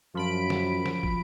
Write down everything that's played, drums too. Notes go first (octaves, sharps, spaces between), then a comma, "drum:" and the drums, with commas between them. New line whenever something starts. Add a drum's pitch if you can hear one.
F#2 F3 B5 D7
drum: snare
drum: snare
drum: kick